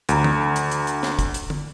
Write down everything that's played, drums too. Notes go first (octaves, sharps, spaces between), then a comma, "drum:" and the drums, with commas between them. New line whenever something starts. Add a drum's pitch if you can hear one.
D2 A#5, drum: hi-hat
drum: tom
drum: hi-hat
drum: hi-hat
drum: hi-hat
drum: snare
drum: kick, hi-hat
drum: hi-hat
drum: tom